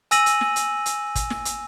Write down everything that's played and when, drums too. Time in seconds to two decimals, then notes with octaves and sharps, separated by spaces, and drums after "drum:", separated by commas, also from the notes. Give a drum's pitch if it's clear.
0.11 G#5 E6 A#6 D#7 F#7, drum: hi-hat
0.26 drum: hi-hat
0.41 drum: snare
0.56 drum: hi-hat
0.86 drum: hi-hat
1.15 drum: kick, hi-hat
1.30 drum: snare
1.45 drum: hi-hat